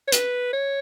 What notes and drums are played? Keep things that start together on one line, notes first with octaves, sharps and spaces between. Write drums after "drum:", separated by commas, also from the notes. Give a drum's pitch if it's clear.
C#5
B4, drum: hi-hat
C#5